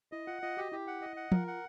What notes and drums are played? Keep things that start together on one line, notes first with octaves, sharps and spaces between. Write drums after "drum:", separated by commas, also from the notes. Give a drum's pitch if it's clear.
E4 D#5
F4 F#5
F4 D#5
F#4 G4
E4 G4
F#5
D#5
F#5
F4 A#4, drum: tom
F#5